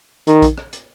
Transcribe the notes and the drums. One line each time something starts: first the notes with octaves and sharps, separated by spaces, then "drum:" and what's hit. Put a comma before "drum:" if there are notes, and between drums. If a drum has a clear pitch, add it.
D#3, drum: hi-hat
drum: kick A#1, hi-hat
drum: rim click
drum: hi-hat